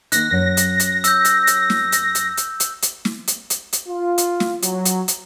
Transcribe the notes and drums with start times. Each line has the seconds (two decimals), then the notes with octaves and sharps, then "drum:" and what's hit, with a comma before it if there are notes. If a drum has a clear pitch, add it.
0.12 D#3 A#3 D#4 F#6 A#6, drum: hi-hat
0.31 F#2 F#3 C#5
0.57 drum: hi-hat
0.80 drum: hi-hat
1.04 E6 G6, drum: hi-hat
1.25 drum: hi-hat
1.47 drum: hi-hat
1.70 drum: snare
1.92 drum: hi-hat
2.15 drum: hi-hat
2.37 drum: hi-hat
2.60 drum: hi-hat
2.82 drum: hi-hat
3.05 drum: snare
3.27 drum: hi-hat
3.50 drum: hi-hat
3.73 drum: hi-hat
3.88 F4
4.18 drum: hi-hat
4.40 drum: snare
4.62 F#3, drum: hi-hat
4.85 drum: hi-hat
5.08 drum: hi-hat